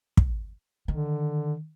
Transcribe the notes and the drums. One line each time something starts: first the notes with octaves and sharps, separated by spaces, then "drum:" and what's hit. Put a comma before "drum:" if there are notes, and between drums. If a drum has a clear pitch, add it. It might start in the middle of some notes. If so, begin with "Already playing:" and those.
drum: kick
D3 D#3